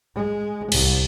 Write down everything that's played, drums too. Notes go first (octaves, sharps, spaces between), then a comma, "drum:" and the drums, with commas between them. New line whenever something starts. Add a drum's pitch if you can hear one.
G#3
C2, drum: cymbal